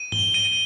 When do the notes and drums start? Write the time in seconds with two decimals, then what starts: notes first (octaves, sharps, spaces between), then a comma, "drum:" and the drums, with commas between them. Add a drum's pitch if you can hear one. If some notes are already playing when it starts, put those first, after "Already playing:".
Already playing: D#7
0.12 G7, drum: tom
0.34 D#7